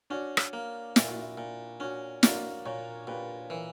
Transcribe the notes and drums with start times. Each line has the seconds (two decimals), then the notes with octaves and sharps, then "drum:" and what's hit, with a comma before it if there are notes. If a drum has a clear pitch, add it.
0.10 C#4 D4 F#4
0.37 drum: rim click
0.53 A#3
0.96 A#2 E4, drum: snare
1.08 F#4
1.21 E4
1.38 A#2
1.80 C#4 D4 F#4
2.23 A#3 D4 F#4, drum: snare
2.65 A#2 A#4 C#5
3.07 A#2 G4 B4
3.50 E3 A#4 C#5